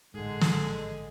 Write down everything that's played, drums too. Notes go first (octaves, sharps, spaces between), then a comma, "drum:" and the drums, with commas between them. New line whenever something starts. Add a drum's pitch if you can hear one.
A1 G#2 D3 G#3 G#4
drum: snare